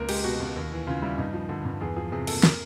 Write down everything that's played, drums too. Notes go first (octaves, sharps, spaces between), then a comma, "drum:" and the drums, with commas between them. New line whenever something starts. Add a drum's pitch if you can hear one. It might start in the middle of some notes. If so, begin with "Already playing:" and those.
Already playing: C#2 A#3 A#4
G#3 G4, drum: cymbal
B2 F#4
C#2
D#2
E3
C#3 F4
G3 E4
G2 D#4
F3
D3
G2
E2 G#4
F3 G#4
C3 G#4
A#3 A4, drum: cymbal
A#4, drum: snare